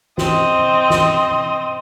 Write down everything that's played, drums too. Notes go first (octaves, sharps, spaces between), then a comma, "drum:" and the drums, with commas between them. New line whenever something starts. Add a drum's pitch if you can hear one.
C4 D#5, drum: snare
drum: snare